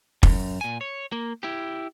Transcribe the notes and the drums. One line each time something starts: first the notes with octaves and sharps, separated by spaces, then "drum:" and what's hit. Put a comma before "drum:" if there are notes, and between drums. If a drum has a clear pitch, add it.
F#2, drum: kick
A#2 G#5
C#5
A#3
E4 G4